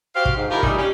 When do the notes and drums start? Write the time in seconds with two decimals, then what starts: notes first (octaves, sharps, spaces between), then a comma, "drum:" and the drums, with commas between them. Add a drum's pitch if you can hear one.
0.16 F#4 G4 C5 F5
0.25 drum: kick
0.36 G#2
0.49 D#3 F3 E4 F4 G4 A#4
0.63 A2 E3 G3 D#4 E4, drum: kick
0.78 C#4 D4 G4